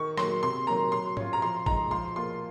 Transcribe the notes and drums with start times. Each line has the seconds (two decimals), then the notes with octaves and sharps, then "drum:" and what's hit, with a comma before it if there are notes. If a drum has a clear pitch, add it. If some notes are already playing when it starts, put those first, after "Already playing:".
Already playing: D#3 C#6
0.17 F#3 A#3 C6, drum: rim click
0.43 C3 C6
0.67 D#3 F#3 A#3 A#5
0.92 F#3 C6
1.17 C#4 F4, drum: tom G#2
1.33 A#5
1.41 F3 C6
1.66 G#3 D#4 A#5, drum: kick G1
1.91 F3 C6
2.16 A#3 F4 C6